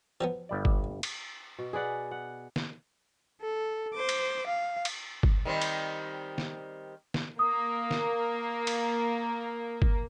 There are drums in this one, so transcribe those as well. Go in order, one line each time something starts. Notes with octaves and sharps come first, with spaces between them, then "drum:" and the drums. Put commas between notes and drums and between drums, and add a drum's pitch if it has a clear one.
F3 F#3 B3
G1 G3 D5
drum: kick G1
drum: cymbal
B2
G#4 B4 D5 F#5
F#5
drum: snare
A4
C5 D6
drum: cymbal
F5
drum: cymbal
drum: kick G1
D#3 G3 C4
drum: cymbal
drum: snare
drum: snare
A#3 D#6
drum: snare
drum: cymbal
drum: kick G1